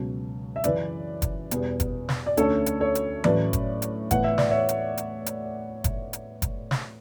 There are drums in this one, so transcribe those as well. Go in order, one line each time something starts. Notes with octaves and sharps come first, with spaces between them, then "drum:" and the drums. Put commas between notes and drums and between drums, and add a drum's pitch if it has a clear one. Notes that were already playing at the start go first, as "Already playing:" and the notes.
Already playing: C#2 B2 F#3
E5
F#2 C#3 E3 B4 D5, drum: hi-hat
drum: kick F#1, hi-hat
E2 B2 G3 B3, drum: hi-hat
drum: kick F#1, hi-hat
drum: snare
D5
D2 D3 A3 C#4 A4 C#5, drum: hi-hat
drum: hi-hat
A4 C#5
drum: hi-hat
A2 F#3 A3 C#4 B4 D5, drum: tom E3
drum: kick F#1, hi-hat
drum: hi-hat
A2 E3 B3 F#5, drum: kick F#1, hi-hat
E5
D5, drum: snare
C#5 E5
drum: hi-hat
drum: hi-hat
drum: hi-hat
drum: kick F#1, hi-hat
drum: hi-hat
drum: kick F#1, hi-hat
drum: snare